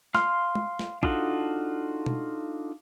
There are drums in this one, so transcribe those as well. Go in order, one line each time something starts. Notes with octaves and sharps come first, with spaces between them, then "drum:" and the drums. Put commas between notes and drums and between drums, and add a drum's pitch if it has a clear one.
F5 C6 F6, drum: snare
drum: tom G#3
drum: snare
D4 D#4 F4 F#4 A4, drum: kick A#1
drum: tom B2